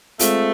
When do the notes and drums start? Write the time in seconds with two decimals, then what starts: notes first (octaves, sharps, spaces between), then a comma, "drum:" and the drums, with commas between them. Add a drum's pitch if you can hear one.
0.19 G#3 A3 C4 F4, drum: hi-hat